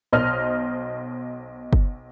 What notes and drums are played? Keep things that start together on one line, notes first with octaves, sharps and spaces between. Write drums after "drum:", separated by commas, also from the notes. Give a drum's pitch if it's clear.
B1 C5 D#5 F6
drum: kick F#1